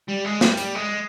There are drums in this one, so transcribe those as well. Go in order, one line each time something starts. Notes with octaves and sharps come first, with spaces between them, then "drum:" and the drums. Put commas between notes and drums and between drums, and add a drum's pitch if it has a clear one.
G3
G#3
G3, drum: snare
G3, drum: hi-hat
G#3